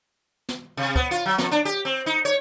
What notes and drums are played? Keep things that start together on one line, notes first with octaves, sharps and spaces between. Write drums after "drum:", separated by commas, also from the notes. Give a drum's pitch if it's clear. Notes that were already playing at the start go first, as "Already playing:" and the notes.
drum: snare
C3
B3, drum: kick
F4
F#3
F2, drum: snare
D4
G4
C4
D#4
C#5